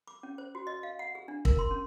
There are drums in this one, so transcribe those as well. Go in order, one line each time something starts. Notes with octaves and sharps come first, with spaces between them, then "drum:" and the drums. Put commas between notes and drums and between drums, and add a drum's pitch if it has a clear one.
D6
C#4
C5
F#4
D#5
F5
F#5
G#4
D4
A#4, drum: kick
C6
C#4